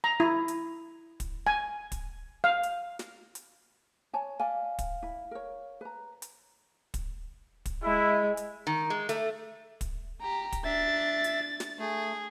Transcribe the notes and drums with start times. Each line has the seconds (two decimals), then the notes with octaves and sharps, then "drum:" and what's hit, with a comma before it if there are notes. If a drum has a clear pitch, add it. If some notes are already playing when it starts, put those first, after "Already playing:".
0.04 A#5
0.20 E4
0.48 drum: hi-hat
1.20 drum: kick, hi-hat
1.47 G#5
1.92 drum: kick, hi-hat
2.44 F5
2.63 drum: hi-hat
2.99 drum: snare
3.35 drum: hi-hat
4.13 C#5 G#5 A5
4.40 D5 F5 G#5
4.79 drum: kick, hi-hat
5.02 E4
5.31 A#4 C#5
5.81 B4 A#5
6.22 drum: hi-hat
6.94 drum: kick, hi-hat
7.65 drum: kick, hi-hat
7.83 G#3 E4
8.37 drum: hi-hat
8.67 D#3
8.90 G#3
9.09 A3, drum: hi-hat
9.81 drum: kick, hi-hat
10.22 G4 A#5
10.52 drum: kick, hi-hat
10.65 D4 E5 A6
11.24 drum: hi-hat
11.60 drum: snare
11.79 A3 G#4